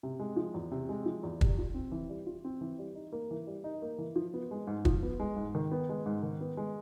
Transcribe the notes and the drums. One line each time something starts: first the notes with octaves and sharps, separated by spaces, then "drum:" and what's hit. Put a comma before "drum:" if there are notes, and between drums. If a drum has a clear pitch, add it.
C3
G#3
F3
E2
C3
G#3
F3
E2
G3, drum: kick
F4
C4
E3
G3
F4
C4
E3
G3
D#4
A#3
E3
G3
D#4
A#3
E3
F3
B3
G#3
G#2
F3, drum: kick
B3
G#3
G#2
D#3
B3
G#3
G#2
D#3
B3
G#3